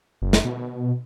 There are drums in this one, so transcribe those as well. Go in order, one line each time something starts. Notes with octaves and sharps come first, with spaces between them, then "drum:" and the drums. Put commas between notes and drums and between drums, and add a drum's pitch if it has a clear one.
F#1
drum: snare
B2